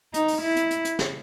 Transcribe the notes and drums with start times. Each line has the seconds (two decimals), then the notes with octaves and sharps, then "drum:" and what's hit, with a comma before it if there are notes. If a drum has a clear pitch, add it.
0.14 D#4, drum: hi-hat
0.28 drum: open hi-hat
0.42 E4
0.56 drum: hi-hat
0.70 drum: hi-hat
0.85 drum: hi-hat
0.99 drum: snare